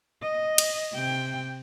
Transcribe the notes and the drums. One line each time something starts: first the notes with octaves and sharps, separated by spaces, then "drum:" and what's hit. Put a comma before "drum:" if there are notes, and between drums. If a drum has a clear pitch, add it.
D#5
drum: cymbal
C3 G5